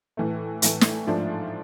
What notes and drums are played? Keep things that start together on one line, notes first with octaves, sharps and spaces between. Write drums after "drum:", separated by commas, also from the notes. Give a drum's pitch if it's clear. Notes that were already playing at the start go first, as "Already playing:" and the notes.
A2 E3 A3
A2 E3 A3, drum: hi-hat
drum: snare
G#2 F3 A3 D4 F4